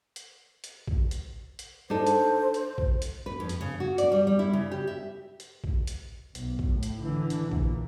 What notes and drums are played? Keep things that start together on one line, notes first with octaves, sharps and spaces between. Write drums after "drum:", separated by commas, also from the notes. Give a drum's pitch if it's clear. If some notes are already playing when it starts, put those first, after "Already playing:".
drum: hi-hat
drum: hi-hat
drum: kick A1
drum: hi-hat
drum: hi-hat
D4 D#4 A4 C5
drum: hi-hat
drum: hi-hat
drum: kick A1
drum: hi-hat
B4
F2
drum: hi-hat
C#3
F#4
D5, drum: hi-hat
G3
G3
E4
C#3
G4
E5
drum: hi-hat
drum: kick A1
drum: hi-hat
B1, drum: hi-hat
drum: kick A1
A2
drum: hi-hat
D3 E3
drum: hi-hat
A#2, drum: kick A1